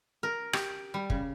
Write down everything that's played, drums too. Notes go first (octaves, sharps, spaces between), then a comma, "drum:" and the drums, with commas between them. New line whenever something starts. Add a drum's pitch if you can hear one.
A#4
G4, drum: rim click
G3
C#3, drum: kick